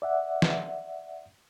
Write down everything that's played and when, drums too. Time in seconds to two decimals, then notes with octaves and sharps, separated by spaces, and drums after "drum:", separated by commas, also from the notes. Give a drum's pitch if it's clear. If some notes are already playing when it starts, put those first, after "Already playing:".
0.02 D5 E5 F#5
0.42 drum: snare